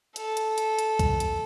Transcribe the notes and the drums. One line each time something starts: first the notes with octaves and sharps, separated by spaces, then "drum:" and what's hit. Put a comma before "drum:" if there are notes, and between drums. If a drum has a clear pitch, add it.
A4, drum: hi-hat
drum: hi-hat
drum: hi-hat
drum: hi-hat
drum: kick, hi-hat
drum: hi-hat